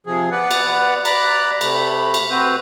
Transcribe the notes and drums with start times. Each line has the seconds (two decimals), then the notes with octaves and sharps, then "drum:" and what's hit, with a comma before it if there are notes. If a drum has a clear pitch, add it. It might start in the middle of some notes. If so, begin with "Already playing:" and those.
0.06 C3 F3 G#4
0.31 B3 B4 D5 F#5
0.51 drum: cymbal
1.05 D5 A#5 B5 F#6, drum: cymbal
1.61 C3 A3 B5, drum: cymbal
2.14 drum: cymbal
2.30 C4 F#4 B4 C5